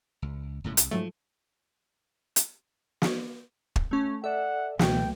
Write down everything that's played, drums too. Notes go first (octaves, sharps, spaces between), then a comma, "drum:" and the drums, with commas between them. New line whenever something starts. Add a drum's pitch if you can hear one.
C#2
D#1 A2 C#3
C2, drum: hi-hat
G#2 F3 F#3 A3
drum: hi-hat
drum: snare
drum: kick
A3 C#4
A4 D5 E5 F#5
C#2 B2 E3 F#3 A3 G5, drum: snare